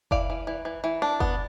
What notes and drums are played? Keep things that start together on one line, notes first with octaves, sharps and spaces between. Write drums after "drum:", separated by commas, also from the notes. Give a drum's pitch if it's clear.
E3 D5 F5, drum: kick F#1
E3
E3
E3
E3
D4
B3, drum: kick F#1